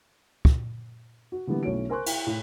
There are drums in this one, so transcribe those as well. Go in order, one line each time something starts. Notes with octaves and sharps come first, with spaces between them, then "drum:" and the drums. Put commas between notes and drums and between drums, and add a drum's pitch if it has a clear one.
drum: kick
F#4
D3 E3 G3 A#3 B3
B1 A3 C#4 E4 F#4 D7
A#4 C5 G#5 C6 C#6 F#6
E4, drum: cymbal
A2